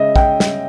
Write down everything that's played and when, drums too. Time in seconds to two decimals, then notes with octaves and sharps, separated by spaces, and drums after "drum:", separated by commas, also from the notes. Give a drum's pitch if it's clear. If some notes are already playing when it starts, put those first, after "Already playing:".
Already playing: C#3 G#3 C#4 D#5 E5
0.16 G5, drum: kick
0.40 drum: snare